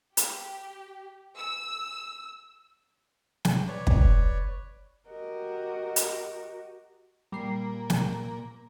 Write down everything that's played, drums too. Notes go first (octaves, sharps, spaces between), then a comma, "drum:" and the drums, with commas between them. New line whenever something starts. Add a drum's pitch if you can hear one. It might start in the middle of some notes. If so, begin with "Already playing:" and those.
G4, drum: hi-hat
E6
drum: snare
B4 C#5 D5
drum: kick
F#4 G4 A#4 D#5
drum: hi-hat
A#2 G3 A#3 C7
drum: snare